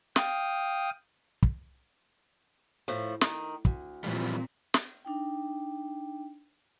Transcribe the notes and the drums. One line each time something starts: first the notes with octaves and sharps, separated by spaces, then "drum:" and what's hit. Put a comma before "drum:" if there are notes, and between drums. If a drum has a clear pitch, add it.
F5 G5 D#6, drum: snare
drum: kick
A2 F3
D#3, drum: snare
D2, drum: kick
A#2 E3 F3 G3 C4
drum: snare
D4 D#4 G5